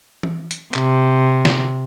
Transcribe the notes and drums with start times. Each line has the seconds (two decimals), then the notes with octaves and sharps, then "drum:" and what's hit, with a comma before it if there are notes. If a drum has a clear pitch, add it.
0.23 drum: tom E3
0.51 drum: hi-hat
0.74 C3, drum: clap
1.45 drum: snare